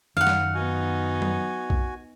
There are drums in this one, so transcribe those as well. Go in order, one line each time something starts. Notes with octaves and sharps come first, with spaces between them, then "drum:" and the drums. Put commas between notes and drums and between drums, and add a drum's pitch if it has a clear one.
F#2 D#3 F5 F#5
drum: snare
B3 D#4 F#4 G#5
drum: tom F#3
drum: kick B1